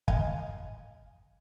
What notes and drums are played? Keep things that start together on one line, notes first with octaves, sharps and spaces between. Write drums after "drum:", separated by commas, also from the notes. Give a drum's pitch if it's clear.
D#5 F5 G#5, drum: kick